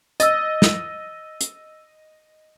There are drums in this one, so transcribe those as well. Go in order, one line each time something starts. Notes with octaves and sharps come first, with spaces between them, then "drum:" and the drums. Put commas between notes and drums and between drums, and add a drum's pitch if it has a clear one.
D#5 E6 A6, drum: hi-hat
drum: snare
drum: hi-hat